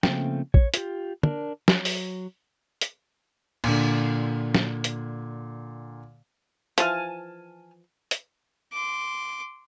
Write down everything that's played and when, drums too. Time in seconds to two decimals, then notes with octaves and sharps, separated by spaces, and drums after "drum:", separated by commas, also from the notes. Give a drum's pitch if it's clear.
0.03 C#3 F3 A3 A#3 C4 G5, drum: snare
0.54 C#5, drum: kick A#1
0.74 F4 G4, drum: hi-hat
1.23 D4 A#4, drum: tom
1.68 F#3, drum: snare
1.85 drum: open hi-hat
2.81 drum: hi-hat
3.64 A#2 D3, drum: cymbal
4.54 drum: snare
4.84 drum: hi-hat
6.78 E3 F3 G#5 A5 F6, drum: hi-hat
8.11 drum: hi-hat
8.73 C6 D6